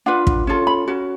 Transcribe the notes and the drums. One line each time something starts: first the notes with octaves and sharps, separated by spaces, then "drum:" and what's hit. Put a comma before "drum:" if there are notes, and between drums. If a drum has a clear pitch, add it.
D4 F4 B4 F#5
drum: kick
C#4 F4 A4
B5
C#4 F#4